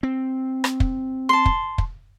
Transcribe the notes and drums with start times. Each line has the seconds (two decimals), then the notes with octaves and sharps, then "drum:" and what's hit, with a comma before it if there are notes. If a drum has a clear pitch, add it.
0.03 C4
0.64 drum: rim click
0.80 drum: kick
1.29 A5 C6
1.46 drum: kick
1.78 drum: kick